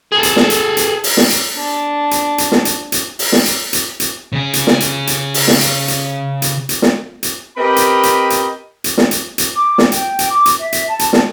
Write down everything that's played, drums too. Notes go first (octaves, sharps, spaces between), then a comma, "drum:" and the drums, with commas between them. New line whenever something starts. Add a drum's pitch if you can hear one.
G#4 A4
drum: hi-hat
drum: snare
drum: hi-hat
drum: hi-hat
drum: open hi-hat
drum: snare
drum: hi-hat
D4 A5
drum: hi-hat
drum: hi-hat
drum: snare
drum: hi-hat
drum: hi-hat
drum: open hi-hat
drum: snare
drum: hi-hat
drum: hi-hat
drum: hi-hat
C#3 G#4
drum: hi-hat
drum: snare
drum: hi-hat
drum: hi-hat
drum: open hi-hat
drum: snare
drum: hi-hat
drum: hi-hat
drum: hi-hat
drum: hi-hat
drum: snare
drum: hi-hat
C4 G4 A#4 B4 D#5 B5
drum: hi-hat
drum: hi-hat
drum: hi-hat
drum: hi-hat
drum: snare
drum: hi-hat
drum: hi-hat
D6
drum: snare
G5, drum: hi-hat
drum: hi-hat
D6
drum: hi-hat
E5
drum: hi-hat
A5
drum: hi-hat
drum: snare